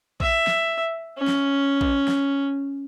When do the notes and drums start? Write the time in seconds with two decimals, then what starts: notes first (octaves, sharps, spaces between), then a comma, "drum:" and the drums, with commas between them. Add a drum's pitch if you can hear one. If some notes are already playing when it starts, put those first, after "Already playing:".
0.20 E5, drum: kick A#1
0.47 drum: snare
1.18 C#4
1.27 drum: snare
1.81 drum: kick A#1
2.08 drum: snare